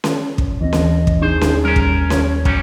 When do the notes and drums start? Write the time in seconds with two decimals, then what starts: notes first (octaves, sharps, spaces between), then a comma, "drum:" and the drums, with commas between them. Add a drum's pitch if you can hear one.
0.04 drum: snare C#4
0.38 drum: kick
0.61 D#2 E3 C4 D#5
0.73 drum: snare C#4
1.07 drum: kick
1.22 D4 D#4 G#4 C5
1.41 drum: snare C#4
1.65 G3 C#4 A#4
1.76 drum: kick
2.10 C#5, drum: snare C#4
2.45 F#3 G3 C#4, drum: kick